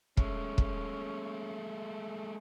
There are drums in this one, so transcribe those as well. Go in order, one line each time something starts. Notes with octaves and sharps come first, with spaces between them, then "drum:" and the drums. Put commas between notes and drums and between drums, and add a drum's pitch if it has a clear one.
G#3 A3 C#4, drum: kick
drum: kick